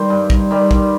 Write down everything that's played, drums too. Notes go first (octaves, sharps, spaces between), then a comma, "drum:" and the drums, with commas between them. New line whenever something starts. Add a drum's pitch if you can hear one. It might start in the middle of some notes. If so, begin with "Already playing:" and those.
Already playing: D#3 G3 C5
G2
drum: kick
D#3 G3
drum: kick